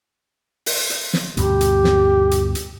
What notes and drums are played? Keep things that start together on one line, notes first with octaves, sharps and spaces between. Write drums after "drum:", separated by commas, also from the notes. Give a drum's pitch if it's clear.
drum: open hi-hat
drum: hi-hat
drum: snare
D2 G2 B2 G4, drum: hi-hat
drum: hi-hat
drum: snare
drum: hi-hat
drum: hi-hat